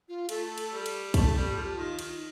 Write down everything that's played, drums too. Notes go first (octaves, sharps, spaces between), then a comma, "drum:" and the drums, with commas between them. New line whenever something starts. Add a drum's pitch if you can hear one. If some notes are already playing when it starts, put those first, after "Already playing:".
F4
A3 A4, drum: cymbal
drum: cymbal
G3
drum: cymbal
A3, drum: kick, cymbal
A4
G3 G4
F3 A4
G4
D#3 F4
D#3, drum: cymbal